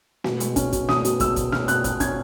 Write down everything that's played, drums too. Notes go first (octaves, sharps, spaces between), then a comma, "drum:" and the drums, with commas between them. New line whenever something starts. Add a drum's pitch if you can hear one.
B2, drum: snare
G#3, drum: hi-hat
C#4, drum: kick, hi-hat
B2, drum: kick, hi-hat
C#4 D#6, drum: snare
B2, drum: hi-hat
G#3 E6, drum: kick, hi-hat
B2, drum: kick, hi-hat
C#4 F6, drum: snare
B2 F#6, drum: hi-hat
B2 F#6, drum: kick, hi-hat
C#4 G#6, drum: kick, hi-hat